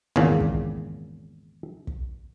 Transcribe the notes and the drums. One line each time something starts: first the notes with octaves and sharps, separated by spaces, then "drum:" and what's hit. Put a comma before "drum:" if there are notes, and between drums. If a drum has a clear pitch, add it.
G#1 E2 A#2 C#3
drum: kick
drum: kick